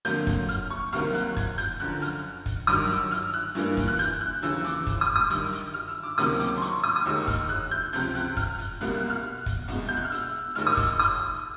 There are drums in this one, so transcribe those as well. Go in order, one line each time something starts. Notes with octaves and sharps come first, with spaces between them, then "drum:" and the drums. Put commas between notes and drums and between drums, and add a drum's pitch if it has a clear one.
F2 D3 F#3 A#3 G6, drum: hi-hat
drum: kick, hi-hat
F6, drum: hi-hat
C#6
C2 C3 D#3 F#3 A#3 F6, drum: hi-hat
F#6, drum: hi-hat
G#6, drum: kick, hi-hat
G6, drum: hi-hat
F#2 D3 F3 F#6
F6, drum: hi-hat
drum: kick, hi-hat
G2 D#3 F#3 D#6, drum: hi-hat
E6, drum: hi-hat
F6, drum: hi-hat
F#6
G2 E3 G3 A#3, drum: hi-hat
drum: kick, hi-hat
F#6
G6, drum: hi-hat
F#6
D#2 C#3 E3 E6, drum: hi-hat
D6, drum: hi-hat
E6, drum: kick, hi-hat
D#6
D#6
G2 D#3 G3, drum: hi-hat
drum: hi-hat
F6
E6
D6
C#2 C3 D#3 F#3 A#3 D#6, drum: hi-hat
D6, drum: hi-hat
C6
C#6, drum: hi-hat
D#6
D#6
D#2 D#3 G#3 E6
F6, drum: kick, hi-hat
F#6
G6
C#2 C3 F3 G6, drum: hi-hat
F#6, drum: hi-hat
F6, drum: kick, hi-hat
drum: hi-hat
C2 B2 G3 A#3 F#6, drum: hi-hat
F#6
F6
drum: kick, hi-hat
C2 B2 G#3, drum: hi-hat
G6
F#6
F6
E6, drum: hi-hat
D#2 D#3 G#3 F6, drum: hi-hat
D#6
E6, drum: kick, hi-hat
D#6, drum: hi-hat